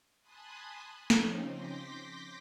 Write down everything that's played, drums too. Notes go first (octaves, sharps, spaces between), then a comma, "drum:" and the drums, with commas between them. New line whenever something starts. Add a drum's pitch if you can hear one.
G#5 A5 B5 C6 D#6 F#6
C#3 F3 C4 C#4 D#4, drum: snare
C6 D6 G6 A#6 B6